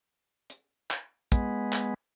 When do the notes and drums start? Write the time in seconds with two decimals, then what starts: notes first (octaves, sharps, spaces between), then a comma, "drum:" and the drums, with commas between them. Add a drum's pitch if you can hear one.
0.50 drum: hi-hat
0.91 drum: clap
1.32 G#3 B3, drum: kick, hi-hat
1.73 drum: clap